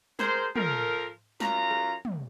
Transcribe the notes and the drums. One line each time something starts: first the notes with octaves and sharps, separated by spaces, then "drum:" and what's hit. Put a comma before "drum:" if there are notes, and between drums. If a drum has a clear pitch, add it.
G#4 A#4 C5, drum: snare
F3 A4 A#4, drum: tom
F#2 F4 A#5, drum: snare
drum: rim click
drum: tom